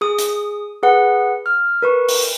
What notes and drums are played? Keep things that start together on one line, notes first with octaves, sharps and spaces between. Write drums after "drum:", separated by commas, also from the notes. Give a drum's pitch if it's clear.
G#4 D#6
drum: hi-hat
G#4 B4 F#5
F6
A#4 B4 C#6
drum: open hi-hat